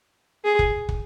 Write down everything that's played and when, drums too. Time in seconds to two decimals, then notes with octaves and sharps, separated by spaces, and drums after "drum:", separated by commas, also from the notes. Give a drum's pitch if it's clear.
0.45 G#4
0.59 drum: kick
0.89 drum: kick